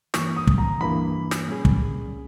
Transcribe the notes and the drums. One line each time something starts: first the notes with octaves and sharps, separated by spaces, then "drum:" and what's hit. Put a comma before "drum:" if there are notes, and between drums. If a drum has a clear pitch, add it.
G2 E3 A#3 C#6, drum: snare
D#6
drum: kick
A#5
G2 E3 A#3 B5
drum: snare
A#2 G3 C#4 G#4
drum: kick